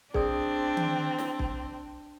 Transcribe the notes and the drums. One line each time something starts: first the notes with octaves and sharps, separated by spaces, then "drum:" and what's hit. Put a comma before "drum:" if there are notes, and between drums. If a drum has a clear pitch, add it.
C4 D4 G#4 D5 D#6, drum: kick
drum: tom D#3
drum: snare
drum: kick